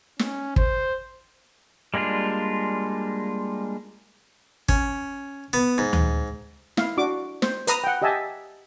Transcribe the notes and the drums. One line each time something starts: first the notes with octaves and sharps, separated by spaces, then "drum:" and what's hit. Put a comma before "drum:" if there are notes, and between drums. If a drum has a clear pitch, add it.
C#4, drum: snare
C5, drum: kick
G3 G#3 A#3 D4 F4
C#4, drum: kick
B3
G#2
drum: tom D2
E4 F5, drum: snare
D4 F#4 D6
C5, drum: snare
B4 A#5 D#6, drum: hi-hat
F#5 G5
G4 D#5 E5 G#5 A5